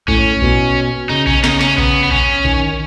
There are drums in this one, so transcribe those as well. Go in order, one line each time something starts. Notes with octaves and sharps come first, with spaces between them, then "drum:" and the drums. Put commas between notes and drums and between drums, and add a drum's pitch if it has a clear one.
A2 C#4, drum: kick A#1
B2, drum: kick A#1
C#3 D#4
C#4, drum: kick A#1
C#3 D#4, drum: snare
C#4, drum: snare
B3, drum: kick A#1
B3
C#4, drum: kick A#1
D#3, drum: kick A#1